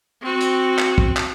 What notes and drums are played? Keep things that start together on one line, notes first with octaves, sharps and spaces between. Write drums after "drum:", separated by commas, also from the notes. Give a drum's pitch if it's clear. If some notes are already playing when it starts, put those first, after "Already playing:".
C4 F#4
drum: hi-hat
drum: clap
drum: kick
drum: clap